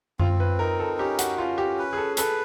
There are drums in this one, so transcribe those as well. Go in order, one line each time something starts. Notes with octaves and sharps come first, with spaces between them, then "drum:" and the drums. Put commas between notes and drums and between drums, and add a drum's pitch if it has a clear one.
C4 F4, drum: tom F#2
B4
D#4 A#4
A4
C#4 G4
F#4, drum: hi-hat
C#4 F4
G4
B4
G#4
A4
A4 B4, drum: hi-hat